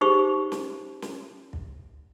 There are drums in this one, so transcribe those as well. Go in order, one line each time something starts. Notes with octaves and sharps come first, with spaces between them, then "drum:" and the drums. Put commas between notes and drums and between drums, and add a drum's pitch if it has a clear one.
D#4 G4 G#4 C5 C#6
drum: snare
drum: snare
drum: kick